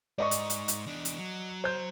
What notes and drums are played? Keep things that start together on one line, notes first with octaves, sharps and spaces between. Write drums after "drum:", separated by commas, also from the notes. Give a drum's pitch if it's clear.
G#2 D5 D#5 C#6
drum: hi-hat
drum: hi-hat
drum: hi-hat
E2 D4
drum: hi-hat
F#3
C5 G6